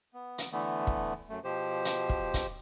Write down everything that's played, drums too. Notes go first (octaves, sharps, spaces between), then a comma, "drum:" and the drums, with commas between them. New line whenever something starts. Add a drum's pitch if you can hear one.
B3
drum: hi-hat
D3 E3 A3 B3
drum: kick
F#2 A3
B2 F3 G4 C5
drum: hi-hat
drum: kick
drum: kick, hi-hat